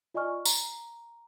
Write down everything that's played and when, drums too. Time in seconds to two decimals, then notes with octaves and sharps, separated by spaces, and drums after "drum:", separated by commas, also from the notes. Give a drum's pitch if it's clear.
0.14 F4 D5 D#5 G#5 C#6 F6
0.45 A#5, drum: tambourine